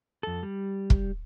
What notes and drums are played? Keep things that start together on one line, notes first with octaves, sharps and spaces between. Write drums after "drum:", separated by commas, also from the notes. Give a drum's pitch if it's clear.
F2 A4
G3
drum: kick